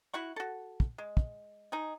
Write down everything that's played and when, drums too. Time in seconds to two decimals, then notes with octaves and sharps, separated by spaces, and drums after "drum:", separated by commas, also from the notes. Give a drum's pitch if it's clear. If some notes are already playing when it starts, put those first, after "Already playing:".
0.14 E4 F#4 F#5 C#6
0.36 F#4 A4
0.80 drum: kick
0.98 G#3
1.17 drum: kick
1.72 D#4 G#4